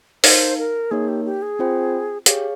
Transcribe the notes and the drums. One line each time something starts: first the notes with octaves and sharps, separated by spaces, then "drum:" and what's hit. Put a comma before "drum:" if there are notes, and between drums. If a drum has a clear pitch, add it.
D#4 A#4 C5 F5, drum: open hi-hat
A#4
A#3 D#4 G#4 A#4 C#5
G4
G4
G#4
C4 F4 C5 G5
G4 G#4 C#5 F5, drum: hi-hat